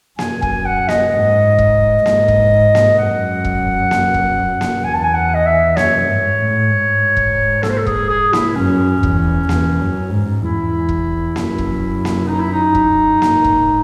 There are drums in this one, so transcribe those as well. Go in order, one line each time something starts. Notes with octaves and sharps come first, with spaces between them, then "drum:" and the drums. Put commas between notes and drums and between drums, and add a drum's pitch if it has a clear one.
F#2 G#5, drum: snare A#3
G#5, drum: kick E1
F#5
D#5, drum: snare A#3
G#2
drum: kick E1
G#2, drum: snare A#3
drum: kick E1
drum: snare A#3
F#2 F#5
drum: kick E1
drum: snare A#3
drum: kick E1
drum: snare A#3
E2 G#5
A5
G#5
F#5
D#5
E5
F#2 C#5, drum: snare A#3
G#2
A2
G#2
drum: kick E1
A4, drum: snare A#3
C5
A4
G#4, drum: kick E1
G#4
E4, drum: snare A#3
F#2 C#4
E2, drum: kick E1
E2, drum: snare A#3
F#2
G#2
E2 E4
drum: kick E1
F#2, drum: snare A#3
drum: kick E1
drum: snare A#3
D#4
E4
D#4
drum: kick E1
G#2, drum: snare A#3
drum: kick E1